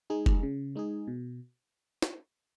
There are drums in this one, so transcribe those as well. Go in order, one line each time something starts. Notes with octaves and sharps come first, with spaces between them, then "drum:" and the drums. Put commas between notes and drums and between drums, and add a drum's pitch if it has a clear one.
G#3 D#4 G#4
drum: kick F1
C#3
G#3 D#4 G#4
B2
drum: snare